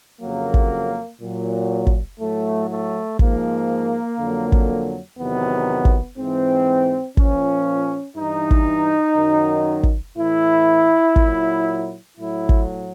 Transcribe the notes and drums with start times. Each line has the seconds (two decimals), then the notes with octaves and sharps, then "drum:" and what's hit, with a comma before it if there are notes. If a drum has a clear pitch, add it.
0.21 F2 C#3 F#3 A#3
0.54 drum: kick
1.20 A#2 F#3
1.87 drum: kick
2.20 A2 F#3 A3
2.70 A3
3.19 G#2 F3 A#3, drum: kick
4.19 F2 D3 F#3
4.52 drum: kick
5.19 E2 C3 D#3 F#3 B3
5.85 drum: kick
6.18 G#2 E3 C4
7.17 A#2 F3 C#4, drum: kick
8.17 G2 E3 D#4
8.51 drum: kick
9.17 F#2 D#3 F#3
9.83 drum: kick
10.16 A2 E3 E4
11.16 A#2 F#3, drum: kick
12.16 A2 F#3 E4
12.49 drum: kick